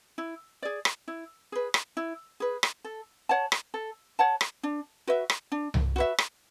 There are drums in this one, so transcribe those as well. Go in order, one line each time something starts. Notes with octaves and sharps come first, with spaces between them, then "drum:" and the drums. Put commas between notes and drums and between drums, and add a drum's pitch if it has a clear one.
E4
G#4 D5
drum: rim click
E4
G#4 B4
drum: rim click
E4
G#4 B4
drum: rim click
A4
C#5 F#5 A5
drum: rim click
A4
C#5 F#5 A5
drum: rim click
D4
F#4 B4 E5
drum: rim click
D4
drum: tom C2
F#4 B4 E5
drum: rim click